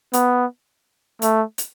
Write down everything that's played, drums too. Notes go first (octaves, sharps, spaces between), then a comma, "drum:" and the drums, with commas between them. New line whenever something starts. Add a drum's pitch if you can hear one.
B3, drum: hi-hat
A3, drum: hi-hat
drum: hi-hat